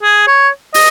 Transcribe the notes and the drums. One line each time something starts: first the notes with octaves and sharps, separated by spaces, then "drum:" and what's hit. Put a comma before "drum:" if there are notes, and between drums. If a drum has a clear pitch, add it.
G#4
C#5
D#5, drum: open hi-hat